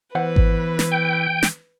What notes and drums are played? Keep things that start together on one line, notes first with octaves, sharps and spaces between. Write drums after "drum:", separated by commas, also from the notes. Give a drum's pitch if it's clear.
E2 E3 B4 C5 F#5
drum: kick G#1
drum: snare
G5
drum: snare